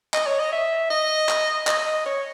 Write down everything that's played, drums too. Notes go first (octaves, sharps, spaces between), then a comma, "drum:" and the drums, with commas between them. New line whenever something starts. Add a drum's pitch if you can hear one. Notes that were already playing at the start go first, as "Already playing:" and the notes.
D#5, drum: clap
C#5
D#5
E5
D#5
drum: clap
D#5, drum: clap
C#5